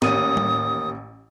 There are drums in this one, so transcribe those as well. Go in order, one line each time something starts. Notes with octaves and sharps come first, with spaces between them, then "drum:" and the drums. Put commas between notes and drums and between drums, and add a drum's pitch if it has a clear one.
A1 D#2 D#6 D#7, drum: snare C4
drum: tom G3